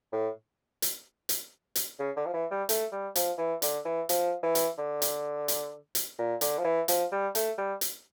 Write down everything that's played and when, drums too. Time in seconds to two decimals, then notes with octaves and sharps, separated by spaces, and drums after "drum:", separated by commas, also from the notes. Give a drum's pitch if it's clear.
0.12 A2
0.82 drum: hi-hat
1.29 drum: hi-hat
1.75 drum: hi-hat
1.99 C#3
2.16 D3
2.26 F3
2.33 E3
2.51 G3
2.69 A3, drum: hi-hat
2.92 G3
3.15 F3, drum: hi-hat
3.38 E3
3.62 D3, drum: hi-hat
3.85 E3
4.09 F3, drum: hi-hat
4.43 E3
4.55 drum: hi-hat
4.78 D3
5.02 drum: hi-hat
5.48 drum: hi-hat
5.95 drum: hi-hat
6.18 A#2
6.41 D3, drum: hi-hat
6.58 F3
6.65 E3
6.88 F3, drum: hi-hat
7.12 G3
7.35 A3, drum: hi-hat
7.58 G3
7.81 drum: hi-hat